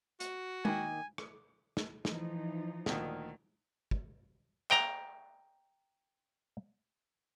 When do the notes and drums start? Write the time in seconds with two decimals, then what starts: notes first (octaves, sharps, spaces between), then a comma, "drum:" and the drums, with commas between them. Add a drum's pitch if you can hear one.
0.20 F#4, drum: hi-hat
0.65 D#3 G#3 A#3 G#5, drum: tom
1.18 drum: rim click
1.77 drum: snare
2.05 E3 F3 D#4, drum: snare
2.86 D2 A#2 D#3, drum: snare
3.91 drum: kick
4.71 G5 A#5, drum: clap